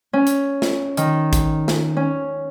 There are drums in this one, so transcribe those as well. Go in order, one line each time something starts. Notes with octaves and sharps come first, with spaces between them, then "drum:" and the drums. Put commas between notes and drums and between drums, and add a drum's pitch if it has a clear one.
C#4
drum: hi-hat
drum: snare
D#3, drum: hi-hat
drum: kick, hi-hat
drum: snare
C#4